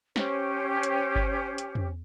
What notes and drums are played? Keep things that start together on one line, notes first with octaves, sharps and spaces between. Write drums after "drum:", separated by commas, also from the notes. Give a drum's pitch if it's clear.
C#4 G4 C5, drum: snare
drum: hi-hat
drum: kick G1
drum: hi-hat
drum: tom